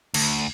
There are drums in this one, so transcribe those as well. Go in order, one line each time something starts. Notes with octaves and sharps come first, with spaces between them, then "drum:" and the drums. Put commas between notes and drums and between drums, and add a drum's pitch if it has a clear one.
D2, drum: cymbal